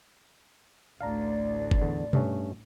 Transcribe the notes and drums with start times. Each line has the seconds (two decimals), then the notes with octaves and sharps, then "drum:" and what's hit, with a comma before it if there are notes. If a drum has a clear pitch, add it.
1.01 A1 D2 D5 F5 A5 A#5
1.71 drum: kick F#1
1.82 E2 D3
2.13 G2 A3 C#4, drum: tom B2